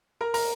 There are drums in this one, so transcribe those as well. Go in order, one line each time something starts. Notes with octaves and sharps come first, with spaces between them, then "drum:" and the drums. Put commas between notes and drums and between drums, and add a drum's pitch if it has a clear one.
A#4 A#5
A#4 A#5, drum: open hi-hat